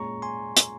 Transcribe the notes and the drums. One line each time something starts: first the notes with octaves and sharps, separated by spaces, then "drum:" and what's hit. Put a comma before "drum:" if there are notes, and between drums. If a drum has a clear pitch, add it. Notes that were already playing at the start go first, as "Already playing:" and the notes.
Already playing: A#2 G#3 C#4 G#4 A#5 C#6
G#5 C6
drum: hi-hat